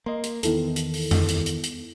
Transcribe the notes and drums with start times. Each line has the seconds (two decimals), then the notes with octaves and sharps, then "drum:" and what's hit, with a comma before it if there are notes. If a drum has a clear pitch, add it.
0.06 A#3 D#5 C6
0.24 drum: hi-hat
0.43 E2 D#3 B3 E4 A4, drum: hi-hat
0.76 drum: hi-hat
0.94 drum: open hi-hat
1.11 drum: tom F2
1.29 drum: hi-hat
1.46 drum: hi-hat
1.64 drum: hi-hat